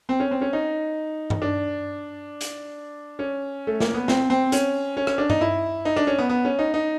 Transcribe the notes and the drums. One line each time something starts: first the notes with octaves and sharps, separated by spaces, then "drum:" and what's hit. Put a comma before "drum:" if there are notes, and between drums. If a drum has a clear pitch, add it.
C4
C#4
C4
C#4
D#4
drum: tom G2
D4
drum: hi-hat
C#4
A3
A#3, drum: snare
B3
C4, drum: snare
C4
C#4, drum: hi-hat
C#4
C#4, drum: rim click
D4
D#4, drum: tom G2
E4
D#4
D4
C#4
B3
B3
C#4
D#4
D#4